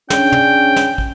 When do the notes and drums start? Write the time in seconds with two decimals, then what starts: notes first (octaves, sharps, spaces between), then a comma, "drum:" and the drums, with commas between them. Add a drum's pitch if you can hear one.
0.10 C#4 D4 G#4 G5, drum: snare
0.32 drum: tom
0.76 drum: snare
0.98 drum: kick